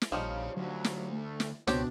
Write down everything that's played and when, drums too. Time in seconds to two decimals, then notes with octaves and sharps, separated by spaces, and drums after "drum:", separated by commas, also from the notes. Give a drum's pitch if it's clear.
0.02 drum: snare
0.12 A#1 F3 G3 D#4 C#5 F5
0.57 D2 F#3
0.84 drum: snare
1.13 A3
1.40 drum: snare
1.67 C#2 B2 C4 D4 G4 C#5, drum: snare